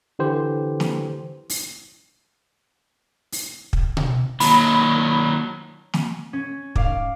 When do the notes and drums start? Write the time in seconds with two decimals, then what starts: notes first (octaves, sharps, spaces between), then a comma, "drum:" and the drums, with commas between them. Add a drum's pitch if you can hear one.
0.19 D3 E3 G4 C5
0.80 drum: snare
1.50 drum: open hi-hat
3.32 drum: open hi-hat
3.73 drum: kick
3.97 drum: tom B2
4.40 D#3 F#3 A#3 A5 B5, drum: open hi-hat
5.94 drum: snare
6.33 C#4
6.76 G#2 D5 F5, drum: kick